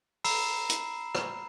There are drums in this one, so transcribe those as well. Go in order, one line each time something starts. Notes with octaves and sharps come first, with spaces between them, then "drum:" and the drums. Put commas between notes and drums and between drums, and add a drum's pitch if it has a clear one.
A#5 B5 E6 C7 E7, drum: open hi-hat
drum: hi-hat
drum: rim click